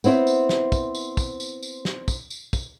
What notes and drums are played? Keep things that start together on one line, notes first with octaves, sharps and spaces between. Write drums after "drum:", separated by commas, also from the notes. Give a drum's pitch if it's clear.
B3 C4 E4 C5, drum: tambourine
drum: tambourine
drum: snare
drum: kick, tambourine
drum: tambourine
drum: kick, tambourine
drum: tambourine
drum: tambourine
drum: snare
drum: kick, tambourine
drum: tambourine
drum: kick, tambourine